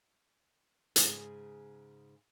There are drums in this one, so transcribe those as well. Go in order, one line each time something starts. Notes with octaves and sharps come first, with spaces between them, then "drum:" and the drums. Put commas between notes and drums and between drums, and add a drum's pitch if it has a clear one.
G#2 C#3 G#4, drum: hi-hat